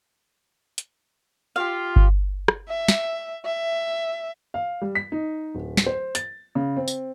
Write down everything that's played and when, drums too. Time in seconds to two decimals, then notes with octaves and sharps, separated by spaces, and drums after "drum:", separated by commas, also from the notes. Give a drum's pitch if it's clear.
0.78 drum: hi-hat
1.56 F4 G4 F5
1.96 drum: kick G1
2.48 drum: rim click
2.68 E5
2.88 drum: snare
3.45 E5
4.54 F5
4.81 G3
4.95 B6
5.12 D#4
5.55 D1
5.77 drum: snare
5.86 C5
6.15 A6, drum: hi-hat
6.55 C#3
6.76 C4
6.88 drum: tambourine